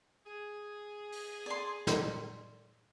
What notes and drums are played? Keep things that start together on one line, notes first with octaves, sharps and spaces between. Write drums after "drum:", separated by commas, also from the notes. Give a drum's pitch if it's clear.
G#4
drum: open hi-hat
D5 C6
drum: snare